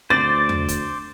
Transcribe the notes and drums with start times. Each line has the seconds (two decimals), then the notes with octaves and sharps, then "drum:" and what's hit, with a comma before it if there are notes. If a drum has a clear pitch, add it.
0.10 D2 C5 D5 A6
0.49 drum: tom E2
0.68 drum: kick E1, hi-hat